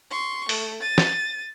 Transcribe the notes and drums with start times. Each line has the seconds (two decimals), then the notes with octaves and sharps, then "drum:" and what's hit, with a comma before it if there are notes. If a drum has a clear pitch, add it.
0.11 C6 C#6
0.49 A3, drum: open hi-hat
0.82 A6 D#7
0.98 drum: snare